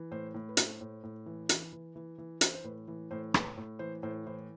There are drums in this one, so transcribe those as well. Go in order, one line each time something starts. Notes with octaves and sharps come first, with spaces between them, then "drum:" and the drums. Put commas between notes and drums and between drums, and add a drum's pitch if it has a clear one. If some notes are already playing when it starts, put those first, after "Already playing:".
Already playing: E3
A2 C5
A2
B4
A2 C5, drum: hi-hat
A2
A2
E3
E3, drum: hi-hat
E3
E3
E3
E3 C5, drum: hi-hat
C5
A2 B4
E3
A2 C5
A2 B4, drum: rim click
A2
E3 C5
A2 C5
E3 C5